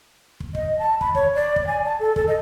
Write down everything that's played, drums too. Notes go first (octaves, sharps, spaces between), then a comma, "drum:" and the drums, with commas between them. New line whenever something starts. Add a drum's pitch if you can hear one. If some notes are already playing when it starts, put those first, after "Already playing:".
drum: kick
D#5, drum: kick
A5
B5, drum: kick
C#5, drum: kick
D5
drum: kick
G#5
A5
A4
A4, drum: kick
D#5